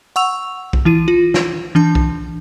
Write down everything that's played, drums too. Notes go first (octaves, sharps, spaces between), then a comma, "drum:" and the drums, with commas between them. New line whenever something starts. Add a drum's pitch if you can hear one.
F#5 C#6 E6 F7
drum: kick
E3 E4 D#7
F4
drum: snare
E3 D4 A5
drum: kick